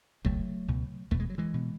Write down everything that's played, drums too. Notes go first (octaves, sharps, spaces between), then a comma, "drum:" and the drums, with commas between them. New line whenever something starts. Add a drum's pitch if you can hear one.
C#2 B2 F#3 A3, drum: kick
C#2 B2
E2 B2 A3, drum: kick
G#3
F#3
E3 G#3
B2